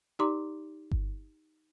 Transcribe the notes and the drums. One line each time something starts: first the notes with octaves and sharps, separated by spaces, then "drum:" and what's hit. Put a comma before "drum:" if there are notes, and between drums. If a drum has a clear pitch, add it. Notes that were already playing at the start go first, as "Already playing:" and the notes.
D#4 G4 D5 A#5 C6 D6
drum: kick G1